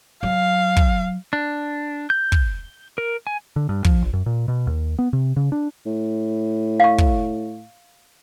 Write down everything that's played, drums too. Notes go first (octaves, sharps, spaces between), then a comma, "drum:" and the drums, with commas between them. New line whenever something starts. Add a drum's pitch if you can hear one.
F#3 F5
drum: kick
D4
G6
drum: kick
A#4
G#5
D3
G2
F3, drum: kick
A#1
F#2
A#2
B2
D#2
B3
C3
C#3
D4
A2
F5 C#6
drum: kick